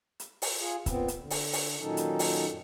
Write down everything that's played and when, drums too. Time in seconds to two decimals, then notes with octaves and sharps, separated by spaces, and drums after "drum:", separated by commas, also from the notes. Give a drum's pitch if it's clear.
0.20 drum: hi-hat
0.42 drum: open hi-hat
0.59 F4 G#4
0.86 A#2 B3 C4, drum: kick C#1, hi-hat
1.08 drum: hi-hat
1.19 D3
1.30 drum: open hi-hat
1.53 drum: open hi-hat
1.80 A#2 D#3 F#3 C#4 D#4 A4
1.97 drum: hi-hat
2.19 drum: open hi-hat
2.47 F#2